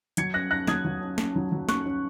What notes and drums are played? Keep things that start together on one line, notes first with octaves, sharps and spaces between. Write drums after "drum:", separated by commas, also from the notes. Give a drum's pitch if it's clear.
F#3 G#6 C#7, drum: hi-hat
C#4 F#6 A#6
C#4 F#6 A#6
F#3 D#6 G#6, drum: snare
F#3
C#4
C#4, drum: snare
F#3
F#3
C#4 C#6 F#6, drum: snare
C#4